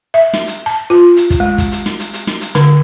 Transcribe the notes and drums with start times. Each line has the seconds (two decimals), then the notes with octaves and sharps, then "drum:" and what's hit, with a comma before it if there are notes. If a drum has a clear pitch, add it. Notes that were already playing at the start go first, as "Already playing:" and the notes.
0.14 E5
0.33 drum: snare
0.47 drum: hi-hat
0.66 A5
0.90 F4
1.17 drum: hi-hat
1.30 drum: kick, hi-hat
1.40 G#3
1.58 drum: kick, hi-hat
1.72 drum: hi-hat
1.86 drum: snare
2.00 drum: hi-hat
2.13 drum: hi-hat
2.27 drum: snare
2.41 drum: hi-hat
2.55 D3, drum: snare